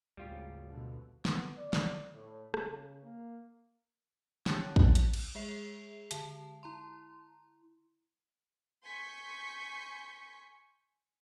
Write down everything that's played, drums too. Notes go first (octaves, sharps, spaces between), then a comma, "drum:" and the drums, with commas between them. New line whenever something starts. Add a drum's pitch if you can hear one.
G#1 D2 C#3 G3 F4 G4
C2 B2 D3
B3, drum: snare
D5
drum: snare
A2
C#3, drum: rim click
A#3
C#4 G4 F#5 G5 A5 G6 A6, drum: snare
drum: kick
drum: hi-hat
drum: cymbal
G#3 G#4 E5 C7 F7
D3 A5, drum: hi-hat
E4 A#5 C6
G#5 C6 C#6 G6 B6 C#7